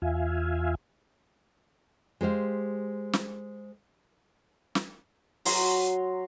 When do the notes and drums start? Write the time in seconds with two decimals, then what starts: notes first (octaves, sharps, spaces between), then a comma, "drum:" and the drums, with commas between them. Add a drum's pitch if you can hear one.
0.02 E2 F4 E5 F5 G#5
2.21 G#3 G4 C5 F5
3.13 drum: snare
4.75 drum: snare
5.45 F#3 A#5 C6, drum: open hi-hat